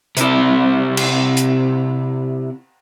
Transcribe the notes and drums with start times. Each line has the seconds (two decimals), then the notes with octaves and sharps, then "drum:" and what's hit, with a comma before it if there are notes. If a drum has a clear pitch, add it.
0.17 C3 E4, drum: hi-hat
0.97 drum: cymbal
1.37 drum: hi-hat